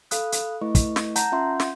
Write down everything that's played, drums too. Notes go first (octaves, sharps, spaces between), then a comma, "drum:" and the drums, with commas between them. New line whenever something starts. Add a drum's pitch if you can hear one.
A4 F5 B5 D#6 F#6, drum: hi-hat
drum: hi-hat
A3 E4 B4 D#5 C#6
drum: kick, hi-hat
drum: snare
F#5 A5 A#5 G6, drum: hi-hat
C#4 F4 E5 F#5 C6 G6
drum: snare